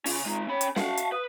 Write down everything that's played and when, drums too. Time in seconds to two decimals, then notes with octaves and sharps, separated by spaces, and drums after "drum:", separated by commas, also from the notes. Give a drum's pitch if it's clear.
0.06 C#3 C#4 F4, drum: open hi-hat
0.26 G#3 C4 D#4 F4 A#5
0.48 C#4 C#5 G5 B5
0.61 drum: hi-hat
0.76 F#4 F5 F#5 A5, drum: snare
0.97 drum: hi-hat
1.12 B4 D#6